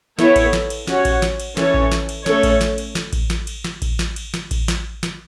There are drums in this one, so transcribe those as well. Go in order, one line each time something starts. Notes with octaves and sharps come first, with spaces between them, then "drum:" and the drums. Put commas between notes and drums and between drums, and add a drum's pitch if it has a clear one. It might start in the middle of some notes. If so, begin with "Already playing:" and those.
B3 E4 A4 C#5, drum: snare
drum: kick A1, cymbal
drum: snare
drum: cymbal
C#4 F#4 C#5, drum: snare
drum: kick A1, cymbal
drum: snare
drum: cymbal
E3 C#4 A4 C#5, drum: snare
drum: kick A1
drum: snare
drum: cymbal
A3 C#4 A4 C#5, drum: snare
drum: kick A1, cymbal
drum: snare
drum: cymbal
drum: snare
drum: kick A1, cymbal
drum: snare
drum: cymbal
drum: snare
drum: kick A1, cymbal
drum: snare
drum: cymbal
drum: snare
drum: kick A1, cymbal
drum: snare
drum: snare